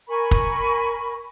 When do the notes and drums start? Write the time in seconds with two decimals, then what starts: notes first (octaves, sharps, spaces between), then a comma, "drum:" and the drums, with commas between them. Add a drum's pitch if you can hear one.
0.08 A#4 G#5 B5 C#6
0.31 drum: kick